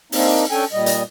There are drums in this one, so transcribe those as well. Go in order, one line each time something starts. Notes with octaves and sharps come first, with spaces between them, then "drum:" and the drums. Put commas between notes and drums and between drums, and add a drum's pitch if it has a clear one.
A#3 C4 D4 D#4, drum: open hi-hat
C#4 D4 A4 G5 G#5
A#2 G3 D#5
drum: hi-hat